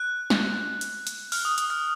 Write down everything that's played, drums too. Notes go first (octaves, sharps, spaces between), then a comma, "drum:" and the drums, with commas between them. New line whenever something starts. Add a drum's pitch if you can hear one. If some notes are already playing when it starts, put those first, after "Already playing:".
Already playing: F#6
drum: snare
drum: hi-hat
drum: hi-hat
F6, drum: open hi-hat
D#6
D#6, drum: hi-hat
F6